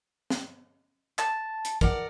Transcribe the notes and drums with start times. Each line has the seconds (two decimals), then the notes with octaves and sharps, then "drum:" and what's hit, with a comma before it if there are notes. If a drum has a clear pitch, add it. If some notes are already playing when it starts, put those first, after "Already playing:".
0.30 drum: snare
1.18 A5, drum: clap
1.65 drum: hi-hat
1.81 A#4 D5 F#5, drum: kick